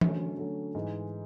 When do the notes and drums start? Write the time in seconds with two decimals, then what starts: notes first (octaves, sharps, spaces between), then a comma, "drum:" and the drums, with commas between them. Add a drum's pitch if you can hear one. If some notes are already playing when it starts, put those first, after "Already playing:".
0.01 D3 F#3 A3 C#4, drum: tom E3
0.38 D3 F#3 A3 C#4
0.75 G#2 E3 G#3